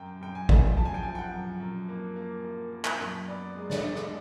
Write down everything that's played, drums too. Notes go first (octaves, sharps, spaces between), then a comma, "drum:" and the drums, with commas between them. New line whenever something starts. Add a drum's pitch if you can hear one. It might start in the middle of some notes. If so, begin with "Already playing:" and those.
Already playing: F#2 G5
F#2 G5
G#5
F#2, drum: kick
F3 A5
G#5
G5
F3 G#5
G5
F#5
F#2
F#2
A#3
A#3
A#3
A#3
drum: clap
F#2
B3 D5
G#3
D5, drum: snare
G#3
drum: rim click